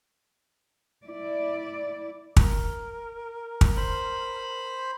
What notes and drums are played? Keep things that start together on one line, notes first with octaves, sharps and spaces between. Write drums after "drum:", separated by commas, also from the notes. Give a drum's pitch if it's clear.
E4 D5
A#4, drum: kick
drum: kick
C5 B5